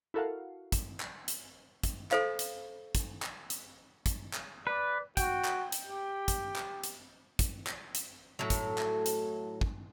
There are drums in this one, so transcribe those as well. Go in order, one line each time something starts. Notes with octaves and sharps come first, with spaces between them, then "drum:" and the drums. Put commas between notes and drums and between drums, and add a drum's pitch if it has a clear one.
E4 F#4 A4 A#4 F5 F#5
drum: kick, hi-hat
drum: clap
drum: hi-hat
drum: kick, hi-hat
A4 C5 F5, drum: clap
drum: hi-hat
drum: kick, hi-hat
drum: clap
drum: hi-hat
drum: kick, hi-hat
drum: clap
B4 D5
F#4 G5, drum: kick, hi-hat
drum: clap
drum: hi-hat
G4
drum: kick, hi-hat
drum: clap
drum: hi-hat
drum: kick, hi-hat
drum: clap
drum: hi-hat
A2 F#3
drum: kick, hi-hat
drum: clap
drum: hi-hat
drum: kick